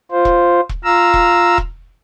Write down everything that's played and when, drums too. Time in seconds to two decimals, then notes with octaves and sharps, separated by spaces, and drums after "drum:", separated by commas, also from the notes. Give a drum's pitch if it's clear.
0.11 F4 C5
0.25 drum: kick E1
0.69 drum: kick E1
0.84 F4 F5 A#5 E6
1.14 drum: kick E1
1.58 drum: kick E1